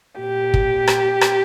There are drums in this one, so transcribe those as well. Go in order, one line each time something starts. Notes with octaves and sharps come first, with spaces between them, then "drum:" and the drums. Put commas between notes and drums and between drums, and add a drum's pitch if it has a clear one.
A#2 G4
drum: kick
drum: rim click
drum: rim click